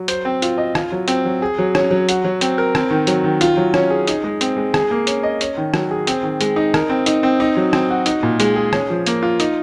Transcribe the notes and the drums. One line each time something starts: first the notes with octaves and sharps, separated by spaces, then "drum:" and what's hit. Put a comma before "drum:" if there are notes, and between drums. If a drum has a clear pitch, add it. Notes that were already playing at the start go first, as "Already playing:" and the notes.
Already playing: F#3
C5, drum: hi-hat
C4
F4, drum: hi-hat
D#5
F4, drum: rim click
F#3
C4, drum: hi-hat
F#3
G#4
F#3
C#4, drum: rim click
F#3
F#4, drum: hi-hat
F#3
C4, drum: hi-hat
A#4
C4, drum: rim click
D#3
F#3, drum: hi-hat
D#3
F4, drum: hi-hat
F#3
C#4, drum: rim click
G#4
D#4, drum: hi-hat
G#3
C4, drum: hi-hat
G#3
G#4, drum: rim click
A#3
C#4, drum: hi-hat
D#5
C#4, drum: hi-hat
D#3
F#3, drum: rim click
G#4
C4, drum: hi-hat
D#3
G#3, drum: hi-hat
D#4
A#4, drum: rim click
C4
D#4, drum: hi-hat
C4
D#4
F#3
C4, drum: rim click
F#4
D#4, drum: hi-hat
A#2
G#3, drum: hi-hat
G#4
C#4, drum: rim click
F3
A#3, drum: hi-hat
F4
D#4, drum: hi-hat